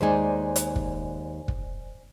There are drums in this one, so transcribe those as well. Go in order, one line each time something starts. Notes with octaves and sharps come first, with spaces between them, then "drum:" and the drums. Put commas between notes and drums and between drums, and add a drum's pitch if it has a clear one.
D#2 G#3 D#4 C5 D5 G#5
drum: hi-hat
drum: kick
drum: kick